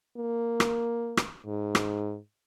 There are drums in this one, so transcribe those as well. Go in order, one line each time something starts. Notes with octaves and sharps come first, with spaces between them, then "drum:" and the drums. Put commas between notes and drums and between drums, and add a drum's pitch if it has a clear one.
A#3
drum: rim click
drum: rim click
G#2
drum: rim click